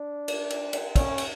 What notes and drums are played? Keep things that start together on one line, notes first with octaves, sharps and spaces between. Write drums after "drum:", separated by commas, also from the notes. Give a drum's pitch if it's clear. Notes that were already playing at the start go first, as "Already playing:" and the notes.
Already playing: D4
drum: cymbal
drum: cymbal
drum: cymbal
C#4, drum: kick, cymbal
drum: cymbal